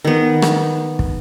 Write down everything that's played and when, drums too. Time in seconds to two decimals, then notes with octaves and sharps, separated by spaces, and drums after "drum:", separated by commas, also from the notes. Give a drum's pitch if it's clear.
0.05 D#3 B3
0.42 drum: rim click
0.99 drum: kick